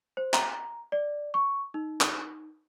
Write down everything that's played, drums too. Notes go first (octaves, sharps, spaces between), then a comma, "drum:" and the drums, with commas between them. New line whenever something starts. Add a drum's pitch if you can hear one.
C5
A#5, drum: clap
D5
C#6
D#4
drum: clap